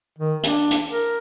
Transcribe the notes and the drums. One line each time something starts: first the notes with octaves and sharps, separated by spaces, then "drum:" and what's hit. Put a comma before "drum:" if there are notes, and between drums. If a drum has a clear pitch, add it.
D#3
D4, drum: hi-hat
drum: hi-hat
A#4